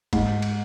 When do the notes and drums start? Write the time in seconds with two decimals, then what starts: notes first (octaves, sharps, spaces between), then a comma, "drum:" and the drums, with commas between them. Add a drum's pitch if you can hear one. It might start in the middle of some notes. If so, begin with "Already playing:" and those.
0.13 G#2, drum: kick, cymbal
0.42 drum: cymbal